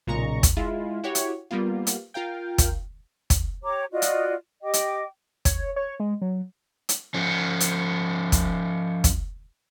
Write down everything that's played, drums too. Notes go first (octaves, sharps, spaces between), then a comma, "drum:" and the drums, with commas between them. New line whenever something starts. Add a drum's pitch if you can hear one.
B1 A#2 C#3 G#3 A#5 C#6
drum: kick, hi-hat
G#3 E4 F4
E4 F#4 G4 C#5
drum: hi-hat
G3 A#3 B3 F4
drum: hi-hat
F4 A#4 F5 G5
drum: kick, hi-hat
drum: kick, hi-hat
G4 C#5 A#5 D6
F4 F#4 D5 D#5
drum: hi-hat
G4 D#5 G5 D6
drum: hi-hat
C#5, drum: kick, hi-hat
C#5
G#3
F#3
drum: hi-hat
F3 C#4
drum: hi-hat
drum: kick, hi-hat
drum: kick, hi-hat